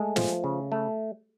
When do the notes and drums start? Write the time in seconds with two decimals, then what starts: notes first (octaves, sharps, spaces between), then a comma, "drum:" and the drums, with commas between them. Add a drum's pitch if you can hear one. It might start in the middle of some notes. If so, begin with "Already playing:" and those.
Already playing: G#3 A3 A4
0.16 F3, drum: snare
0.44 C#3
0.72 A3